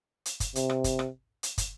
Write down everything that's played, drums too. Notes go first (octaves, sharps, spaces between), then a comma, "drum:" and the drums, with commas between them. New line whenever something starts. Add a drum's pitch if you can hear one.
drum: hi-hat
drum: kick, hi-hat
C3, drum: hi-hat
drum: rim click
drum: kick, hi-hat
drum: rim click
drum: hi-hat
drum: kick, hi-hat